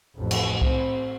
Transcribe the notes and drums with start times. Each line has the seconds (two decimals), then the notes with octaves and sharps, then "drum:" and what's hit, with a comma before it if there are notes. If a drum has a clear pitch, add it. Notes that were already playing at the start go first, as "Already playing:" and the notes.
0.16 A1 F2
0.31 drum: cymbal
0.62 C4, drum: kick C2